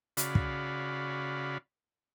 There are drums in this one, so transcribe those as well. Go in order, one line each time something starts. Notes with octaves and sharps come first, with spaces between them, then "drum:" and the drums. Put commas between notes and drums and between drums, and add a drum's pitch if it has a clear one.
C#3 F#4 D5 F5 B5, drum: hi-hat
drum: kick